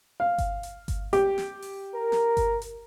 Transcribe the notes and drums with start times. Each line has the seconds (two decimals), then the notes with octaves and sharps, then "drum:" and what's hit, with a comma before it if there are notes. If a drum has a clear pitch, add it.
0.20 F5
0.38 drum: kick G1, hi-hat
0.63 drum: hi-hat
0.88 drum: kick G1, hi-hat
1.13 G4, drum: hi-hat
1.38 drum: snare
1.62 drum: open hi-hat
1.93 A#4
2.12 drum: snare
2.37 drum: kick G1, hi-hat
2.62 drum: hi-hat